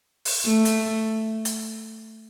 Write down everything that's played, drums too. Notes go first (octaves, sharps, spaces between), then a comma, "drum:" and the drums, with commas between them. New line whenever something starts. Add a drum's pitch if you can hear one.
drum: open hi-hat
A3
drum: hi-hat
drum: hi-hat